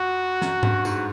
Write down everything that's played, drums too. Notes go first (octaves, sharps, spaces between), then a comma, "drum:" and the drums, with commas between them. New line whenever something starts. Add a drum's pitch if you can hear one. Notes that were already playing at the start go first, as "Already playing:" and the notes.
Already playing: F2 F#4
F#2, drum: snare
G2, drum: tom G#2
G#2, drum: tambourine